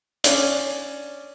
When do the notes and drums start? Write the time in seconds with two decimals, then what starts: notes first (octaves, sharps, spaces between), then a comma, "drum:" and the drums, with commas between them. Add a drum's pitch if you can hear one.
0.24 C#4 D4, drum: hi-hat